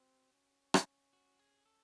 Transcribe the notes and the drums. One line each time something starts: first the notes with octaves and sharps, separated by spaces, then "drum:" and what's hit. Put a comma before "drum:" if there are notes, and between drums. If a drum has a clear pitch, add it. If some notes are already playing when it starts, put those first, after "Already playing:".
Already playing: C4 F#4
C#4
drum: rim click
F#4
G#4
A4